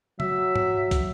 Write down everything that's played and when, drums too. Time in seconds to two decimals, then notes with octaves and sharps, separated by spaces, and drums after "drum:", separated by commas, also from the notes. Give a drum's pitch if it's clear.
0.20 F#3 E5, drum: tom
0.56 drum: tom
0.91 drum: kick, hi-hat